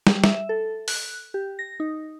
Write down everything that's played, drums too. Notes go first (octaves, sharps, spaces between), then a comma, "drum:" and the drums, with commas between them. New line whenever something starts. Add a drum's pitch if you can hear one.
G3, drum: snare
E5, drum: snare
A4
F#6, drum: open hi-hat
G4
A#6
D#4